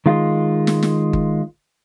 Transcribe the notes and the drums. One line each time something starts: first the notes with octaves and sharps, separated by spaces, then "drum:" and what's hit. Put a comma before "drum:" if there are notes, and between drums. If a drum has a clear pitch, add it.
D#3 G#3 F4
drum: snare
drum: snare
drum: kick G1